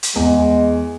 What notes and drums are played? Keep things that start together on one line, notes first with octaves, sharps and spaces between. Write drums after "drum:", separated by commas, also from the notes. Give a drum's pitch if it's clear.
drum: hi-hat
E2 G#3